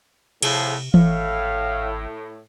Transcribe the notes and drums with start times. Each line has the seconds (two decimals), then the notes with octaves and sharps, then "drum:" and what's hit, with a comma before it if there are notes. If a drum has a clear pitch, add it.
0.42 A2 C3 F3 G#4, drum: cymbal
0.94 G#1 A2 F5, drum: tom E3